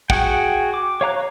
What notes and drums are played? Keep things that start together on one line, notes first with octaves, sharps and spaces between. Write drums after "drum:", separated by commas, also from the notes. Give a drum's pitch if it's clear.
F#4 G#4 F#5 G5, drum: kick
D6
C#5 F5 A#5 F#6